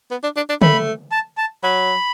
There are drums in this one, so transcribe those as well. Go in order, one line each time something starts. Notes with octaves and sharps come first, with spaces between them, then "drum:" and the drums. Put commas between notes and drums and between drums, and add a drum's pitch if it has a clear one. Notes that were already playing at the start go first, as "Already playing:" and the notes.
B3
D4
D4
D4
A3 B5, drum: tom
A5
A5
F#3 B5